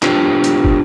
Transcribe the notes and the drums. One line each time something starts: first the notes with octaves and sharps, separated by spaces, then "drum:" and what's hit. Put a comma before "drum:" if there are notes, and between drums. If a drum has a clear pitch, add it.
D4 F4 G4 A4 C5, drum: clap
drum: hi-hat
drum: kick